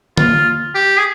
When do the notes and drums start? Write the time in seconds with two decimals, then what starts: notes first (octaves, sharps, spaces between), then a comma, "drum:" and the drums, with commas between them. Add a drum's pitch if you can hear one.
0.17 F4, drum: tom D3
0.75 G4
0.98 G#4